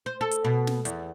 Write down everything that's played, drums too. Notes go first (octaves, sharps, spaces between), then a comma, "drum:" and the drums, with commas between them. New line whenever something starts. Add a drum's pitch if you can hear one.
C5
A4
drum: hi-hat
B2
drum: snare
E2, drum: hi-hat